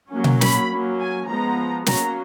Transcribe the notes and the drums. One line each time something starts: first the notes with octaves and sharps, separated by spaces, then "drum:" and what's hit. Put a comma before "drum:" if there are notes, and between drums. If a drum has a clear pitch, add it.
F#3 A#3 C#4
drum: tom B2
B5, drum: snare
F#3 A#3 C#4
G#5
F3 G#3 B3 A#5
F#3 A#3 C#4 A#5, drum: snare